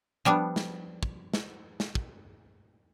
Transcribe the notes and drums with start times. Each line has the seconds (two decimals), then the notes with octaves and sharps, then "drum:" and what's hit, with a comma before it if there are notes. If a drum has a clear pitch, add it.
0.25 F3 G3 B3 D4
0.56 drum: snare
1.03 drum: kick
1.34 drum: snare
1.80 drum: snare
1.95 drum: kick